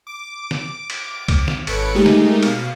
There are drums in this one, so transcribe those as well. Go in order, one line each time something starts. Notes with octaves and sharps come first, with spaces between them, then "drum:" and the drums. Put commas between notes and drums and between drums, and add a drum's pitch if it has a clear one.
D6
drum: snare
drum: cymbal
drum: kick C2, cymbal
drum: snare
G#1 A4 B4 C#5 C#7 D7, drum: cymbal
G#3 A3 D#4 G4 G#4 A#4
drum: snare
B2 F5, drum: cymbal